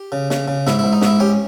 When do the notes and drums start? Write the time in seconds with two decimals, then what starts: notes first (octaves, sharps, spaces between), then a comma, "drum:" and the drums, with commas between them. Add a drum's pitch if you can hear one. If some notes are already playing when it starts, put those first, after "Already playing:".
Already playing: G4
0.12 C#3
0.30 C#3, drum: snare
0.48 C#3
0.67 G#2 E4, drum: snare
0.79 G#2 E4
0.92 D#4
1.02 G#2 E4, drum: snare
1.20 C#4 G4